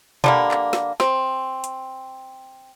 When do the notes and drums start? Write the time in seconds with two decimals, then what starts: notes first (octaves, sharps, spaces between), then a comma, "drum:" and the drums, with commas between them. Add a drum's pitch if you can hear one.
0.24 D3 G3 A#3, drum: tom B2
0.51 drum: clap
0.73 drum: snare
1.00 C4, drum: snare
1.64 drum: hi-hat